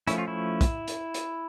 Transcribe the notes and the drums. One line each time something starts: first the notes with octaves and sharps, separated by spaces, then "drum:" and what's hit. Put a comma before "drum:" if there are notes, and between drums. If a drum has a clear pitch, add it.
F3 A3 C#4 E4, drum: hi-hat
F4
E4
drum: kick, hi-hat
drum: hi-hat
drum: hi-hat